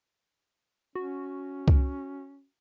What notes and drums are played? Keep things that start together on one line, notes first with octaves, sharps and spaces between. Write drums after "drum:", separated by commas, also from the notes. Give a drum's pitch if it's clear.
C#4 F#4
drum: kick C2